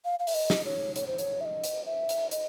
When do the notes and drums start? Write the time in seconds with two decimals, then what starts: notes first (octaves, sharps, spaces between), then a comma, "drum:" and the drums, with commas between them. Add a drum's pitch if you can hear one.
0.05 F5
0.19 F5
0.27 E5, drum: open hi-hat
0.34 D#5
0.50 drum: snare
0.65 C#5
0.96 C#5, drum: hi-hat
1.07 C5
1.18 C#5, drum: hi-hat
1.41 E5
1.45 D#5
1.64 drum: hi-hat
1.86 E5
2.09 drum: hi-hat
2.31 D#5, drum: hi-hat